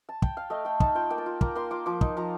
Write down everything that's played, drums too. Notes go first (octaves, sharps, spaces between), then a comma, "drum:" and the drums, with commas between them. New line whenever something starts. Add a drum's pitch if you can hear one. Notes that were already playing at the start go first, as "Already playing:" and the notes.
A5
G5, drum: kick
F5
A3 D#5
A3 G5
D#4 A5, drum: kick
F4 G5
A#3 G5
A5
F4
A#3 A#5, drum: kick
A#3 C6
F4 D6
F3 D6
D#4, drum: kick
F3 A#5